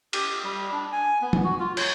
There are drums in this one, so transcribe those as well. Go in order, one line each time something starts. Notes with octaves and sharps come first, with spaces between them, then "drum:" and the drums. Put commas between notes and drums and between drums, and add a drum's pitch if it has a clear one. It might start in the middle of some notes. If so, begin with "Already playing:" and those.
G4, drum: cymbal
G3
D4
G#5
B3
drum: tom
F#4
F4
C#5, drum: cymbal